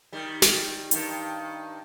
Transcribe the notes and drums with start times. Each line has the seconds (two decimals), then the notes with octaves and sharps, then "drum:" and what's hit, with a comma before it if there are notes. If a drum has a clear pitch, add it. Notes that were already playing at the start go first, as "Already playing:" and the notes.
0.13 D#3 G3
0.42 drum: snare
0.91 G2 D#3, drum: hi-hat